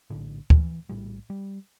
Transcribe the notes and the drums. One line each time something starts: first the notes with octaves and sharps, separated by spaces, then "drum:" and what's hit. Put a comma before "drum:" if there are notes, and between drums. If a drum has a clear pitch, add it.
A#1 A2 D3
E3, drum: kick
A#1 A2 G3
G3